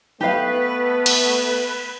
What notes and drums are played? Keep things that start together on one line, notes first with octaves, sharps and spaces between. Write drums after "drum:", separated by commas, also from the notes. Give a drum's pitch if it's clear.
A3 B3 G4 B4 F5
drum: cymbal